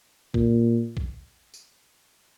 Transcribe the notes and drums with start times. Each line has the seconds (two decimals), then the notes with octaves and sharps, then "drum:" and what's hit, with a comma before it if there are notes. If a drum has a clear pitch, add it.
0.34 A#2, drum: kick A#1
0.97 drum: kick A#1
1.54 drum: tambourine